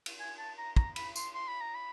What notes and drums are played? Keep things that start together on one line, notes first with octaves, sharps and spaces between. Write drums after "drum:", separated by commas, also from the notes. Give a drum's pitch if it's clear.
drum: cymbal
G#5
A5
A#5
A#5, drum: kick
B5, drum: cymbal
C6, drum: tambourine
C6
B5
A#5
B5